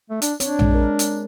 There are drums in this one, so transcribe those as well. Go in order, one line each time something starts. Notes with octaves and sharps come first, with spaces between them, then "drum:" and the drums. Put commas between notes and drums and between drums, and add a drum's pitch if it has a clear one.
A3
D4, drum: hi-hat
C4 D4 C#5, drum: hi-hat
G#3, drum: tom A#1
A#4
drum: hi-hat